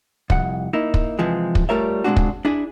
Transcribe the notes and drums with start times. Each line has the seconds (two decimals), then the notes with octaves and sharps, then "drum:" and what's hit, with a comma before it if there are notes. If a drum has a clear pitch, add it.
0.30 C2 F2 F#5, drum: kick
0.73 A#3 D#4 E4
0.94 drum: kick
1.19 C3 E3 F3 G#3
1.55 drum: kick
1.69 G3 A3 F4 A#4 C#5 E5
2.04 A#2 G#3 A3 C4 D4 F#4
2.16 drum: kick
2.45 D4 E4 G#4